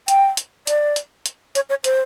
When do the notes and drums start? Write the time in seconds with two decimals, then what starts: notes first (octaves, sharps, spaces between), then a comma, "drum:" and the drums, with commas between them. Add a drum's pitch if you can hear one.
0.08 G5, drum: hi-hat
0.37 drum: hi-hat
0.67 D5, drum: hi-hat
0.96 drum: hi-hat
1.26 drum: hi-hat
1.55 C#5, drum: hi-hat
1.69 C#5
1.84 C5, drum: hi-hat